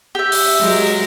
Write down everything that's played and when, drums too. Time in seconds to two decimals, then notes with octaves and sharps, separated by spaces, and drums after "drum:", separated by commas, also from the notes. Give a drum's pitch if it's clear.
0.15 G4 E5
0.32 drum: open hi-hat
0.58 F#3 G#3 A#4